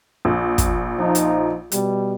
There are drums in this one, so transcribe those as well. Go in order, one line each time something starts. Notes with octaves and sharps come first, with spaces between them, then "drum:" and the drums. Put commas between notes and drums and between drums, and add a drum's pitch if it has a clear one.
A#1
drum: kick, hi-hat
F3 D#4
drum: hi-hat
B2 G3, drum: hi-hat